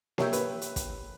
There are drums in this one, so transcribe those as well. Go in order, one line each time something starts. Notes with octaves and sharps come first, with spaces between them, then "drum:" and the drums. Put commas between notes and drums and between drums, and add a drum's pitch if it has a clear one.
G4 A#4 C#5 E5 G5, drum: snare A#3
B4, drum: hi-hat
drum: hi-hat
drum: kick, hi-hat